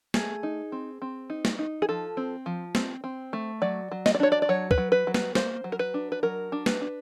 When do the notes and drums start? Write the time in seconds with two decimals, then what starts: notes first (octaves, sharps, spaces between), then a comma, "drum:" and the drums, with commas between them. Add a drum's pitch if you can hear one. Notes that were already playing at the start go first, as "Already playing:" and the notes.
0.14 A3 G#4, drum: snare
0.43 D#4
0.72 C4
1.02 C4
1.30 D#4
1.45 drum: snare
1.59 D#4
1.82 G#4
1.89 F3 A4
2.17 C4
2.46 F3
2.75 C4, drum: snare
3.04 C4
3.33 A3
3.62 F#3 D5
3.92 F#3
4.06 D#5, drum: snare
4.15 D5
4.20 D4 C#5
4.32 D5
4.42 D5
4.49 F#3 C#5
4.71 B4, drum: kick
4.78 F#3
4.92 B4
5.07 F#3
5.14 B4, drum: snare
5.35 A#3 C5, drum: snare
5.64 F#3
5.72 A#4
5.79 B4
5.94 D4
6.12 B4
6.23 F#3 A#4
6.52 D4
6.66 B4, drum: snare
6.81 D4